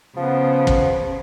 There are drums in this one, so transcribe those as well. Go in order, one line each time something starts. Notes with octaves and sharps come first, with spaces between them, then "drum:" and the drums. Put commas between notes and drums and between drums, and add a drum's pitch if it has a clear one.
C#3 F3 B3
drum: kick